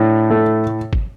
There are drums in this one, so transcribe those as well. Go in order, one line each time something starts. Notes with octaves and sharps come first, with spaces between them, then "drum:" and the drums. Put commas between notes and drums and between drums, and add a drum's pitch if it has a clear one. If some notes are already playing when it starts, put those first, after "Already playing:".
Already playing: A2 D4
A3
drum: kick